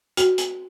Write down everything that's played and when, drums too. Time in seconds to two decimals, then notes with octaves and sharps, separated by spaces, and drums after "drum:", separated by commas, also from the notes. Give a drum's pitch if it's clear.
0.17 F#4, drum: hi-hat
0.38 drum: hi-hat